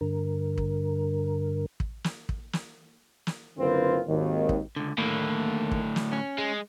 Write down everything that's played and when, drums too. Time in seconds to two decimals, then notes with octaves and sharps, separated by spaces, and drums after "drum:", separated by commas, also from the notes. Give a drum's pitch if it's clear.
0.01 G2 D3 A#4
0.58 drum: kick
1.80 drum: kick
2.04 drum: snare
2.29 drum: kick
2.53 drum: snare
3.27 drum: snare
3.58 F#1 D3 C4 F4 A#4 B4
4.07 G#1 D#2 D#3
4.49 drum: kick
4.76 C#2 D3
4.98 D#2 A2 D3 A#3
5.71 drum: kick
5.96 drum: snare
6.13 C#4
6.38 G#3